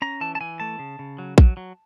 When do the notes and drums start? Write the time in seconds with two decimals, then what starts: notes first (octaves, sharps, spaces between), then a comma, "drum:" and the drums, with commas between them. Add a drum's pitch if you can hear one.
0.02 C#4 A#5
0.21 E3 A5
0.35 A5
0.41 E3 G#5
0.60 A3 A5
0.79 C#3
0.99 C#3
1.18 F#3
1.38 F#3, drum: kick A#1
1.57 F#3